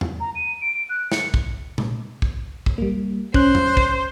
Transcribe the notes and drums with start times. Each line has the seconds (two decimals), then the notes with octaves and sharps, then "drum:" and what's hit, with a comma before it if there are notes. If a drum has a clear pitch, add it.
0.01 drum: tom E2
0.20 A#5
0.35 D#7
0.62 D7
0.90 F#6
1.12 C#7, drum: snare
1.34 drum: kick
1.78 drum: tom A#2
2.22 drum: kick
2.66 drum: kick
2.78 G3 A#3
3.34 C#4 C5 F#6, drum: kick
3.55 drum: tom E2
3.77 drum: kick